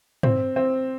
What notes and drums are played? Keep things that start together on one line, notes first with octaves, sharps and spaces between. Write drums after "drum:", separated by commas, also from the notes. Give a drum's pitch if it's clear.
C4, drum: tom
C4